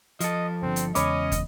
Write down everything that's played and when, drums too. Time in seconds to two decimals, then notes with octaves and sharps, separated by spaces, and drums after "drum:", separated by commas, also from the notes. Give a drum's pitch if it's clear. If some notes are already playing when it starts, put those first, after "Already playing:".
0.20 F3 A4 D#5, drum: hi-hat
0.62 G1 D3 C4
0.76 drum: hi-hat
0.95 E2 C#3 G#3 C#4 C#5 D#5 B5 D6, drum: hi-hat
1.32 drum: kick, hi-hat